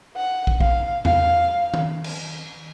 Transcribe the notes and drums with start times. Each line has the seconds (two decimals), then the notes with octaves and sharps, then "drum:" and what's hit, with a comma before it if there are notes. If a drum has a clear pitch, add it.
0.17 F#5
0.47 drum: kick
0.61 F5, drum: kick
1.05 F5, drum: tom E2
1.74 drum: tom D#3
2.04 drum: cymbal